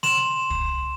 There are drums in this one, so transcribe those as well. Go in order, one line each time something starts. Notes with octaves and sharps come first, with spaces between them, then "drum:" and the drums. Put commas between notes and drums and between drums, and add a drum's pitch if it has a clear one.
C6 E7 F7, drum: snare
drum: kick